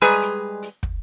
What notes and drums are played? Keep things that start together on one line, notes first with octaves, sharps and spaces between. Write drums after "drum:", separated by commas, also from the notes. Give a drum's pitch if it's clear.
G3 G#3 G#4 B4 G#5 A#5
drum: hi-hat
drum: hi-hat
drum: kick